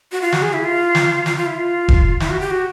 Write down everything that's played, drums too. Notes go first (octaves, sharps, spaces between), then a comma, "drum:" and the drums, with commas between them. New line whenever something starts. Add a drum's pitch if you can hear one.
F#4
F4
F#4, drum: snare
G#4
E4
F4
drum: snare
F4, drum: snare
F4
E4
F4
drum: kick E1
E4, drum: snare
F#4
G4
F#4